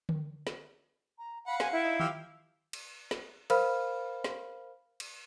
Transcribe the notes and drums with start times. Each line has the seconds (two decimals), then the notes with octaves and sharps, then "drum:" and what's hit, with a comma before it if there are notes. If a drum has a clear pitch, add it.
0.09 drum: tom D3
0.47 drum: snare
1.19 A#5
1.47 F5 F#5 B5
1.60 G#5, drum: snare
1.72 E4
1.84 D#4
2.00 F3 G4 E6, drum: tom D#3
2.73 drum: cymbal
3.11 drum: snare
3.50 A#4 C5 F5 B5 F6, drum: cymbal
4.24 drum: snare
5.00 drum: cymbal